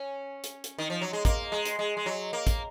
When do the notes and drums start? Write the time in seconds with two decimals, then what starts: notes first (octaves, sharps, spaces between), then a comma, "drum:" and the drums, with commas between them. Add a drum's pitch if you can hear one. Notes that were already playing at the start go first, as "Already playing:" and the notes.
Already playing: C#4
0.44 drum: hi-hat
0.64 drum: hi-hat
0.78 D#3
0.90 F3
1.01 F#3
1.13 G#3
1.25 A#3, drum: kick, hi-hat
1.52 G#3
1.65 drum: hi-hat
1.79 G#3
1.97 G#3
2.06 F#3
2.33 A#3
2.47 drum: kick, hi-hat